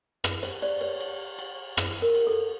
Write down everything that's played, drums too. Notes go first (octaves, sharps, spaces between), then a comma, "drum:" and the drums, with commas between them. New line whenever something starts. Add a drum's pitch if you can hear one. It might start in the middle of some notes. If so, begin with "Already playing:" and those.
B4, drum: rim click
C5, drum: cymbal
C5 D5, drum: cymbal
B4 C#5, drum: cymbal
drum: cymbal
drum: cymbal
C5, drum: rim click
A#4
drum: cymbal
A4